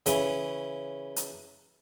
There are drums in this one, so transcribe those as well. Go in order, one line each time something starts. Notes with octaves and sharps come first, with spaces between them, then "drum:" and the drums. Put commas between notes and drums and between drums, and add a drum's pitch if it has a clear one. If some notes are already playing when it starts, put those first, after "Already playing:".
C#3 E3, drum: hi-hat
drum: hi-hat